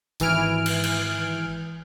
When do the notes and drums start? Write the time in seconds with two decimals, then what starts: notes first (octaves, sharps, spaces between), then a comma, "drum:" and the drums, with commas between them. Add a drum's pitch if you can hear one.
0.20 G#1 E3 G#5 F6 D7, drum: hi-hat
0.66 drum: cymbal
0.84 drum: cymbal